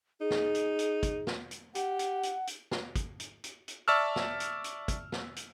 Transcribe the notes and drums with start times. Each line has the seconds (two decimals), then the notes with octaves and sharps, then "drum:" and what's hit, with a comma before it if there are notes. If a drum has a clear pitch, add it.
0.21 D#4 G#4
0.31 drum: snare
0.55 drum: hi-hat
0.79 drum: hi-hat
1.03 drum: kick, hi-hat
1.27 drum: snare
1.51 drum: hi-hat
1.75 G4 F#5, drum: hi-hat
1.99 drum: hi-hat
2.23 drum: hi-hat
2.47 drum: hi-hat
2.71 drum: snare
2.96 drum: kick, hi-hat
3.20 drum: hi-hat
3.44 drum: hi-hat
3.68 drum: hi-hat
3.88 D5 E5 A5 C#6 E6 F6
4.16 drum: snare
4.40 drum: hi-hat
4.64 drum: hi-hat
4.88 drum: kick, hi-hat
5.12 drum: snare
5.36 drum: hi-hat